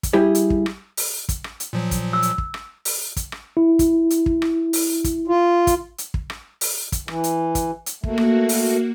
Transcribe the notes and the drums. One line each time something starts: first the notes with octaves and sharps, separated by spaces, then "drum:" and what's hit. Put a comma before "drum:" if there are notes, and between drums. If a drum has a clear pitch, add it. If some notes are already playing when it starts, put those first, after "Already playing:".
drum: kick, hi-hat
G3 E4 G4 G#4
drum: hi-hat
drum: kick
drum: rim click
drum: open hi-hat
drum: kick, hi-hat
drum: rim click
drum: hi-hat
A#2 F3 F#3
drum: kick, hi-hat
E6
drum: hi-hat
drum: kick
drum: rim click
drum: open hi-hat
drum: kick, hi-hat
drum: rim click
E4
drum: kick, hi-hat
drum: hi-hat
drum: kick
drum: rim click
drum: open hi-hat
drum: kick, hi-hat
F4
drum: kick, hi-hat
drum: hi-hat
drum: kick
drum: rim click
drum: open hi-hat
drum: kick, hi-hat
E3, drum: rim click
drum: hi-hat
drum: kick, hi-hat
drum: hi-hat
A3 A#3 F#4, drum: kick
drum: rim click
drum: open hi-hat